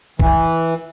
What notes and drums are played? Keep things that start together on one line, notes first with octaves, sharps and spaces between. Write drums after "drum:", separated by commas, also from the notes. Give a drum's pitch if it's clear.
E3, drum: kick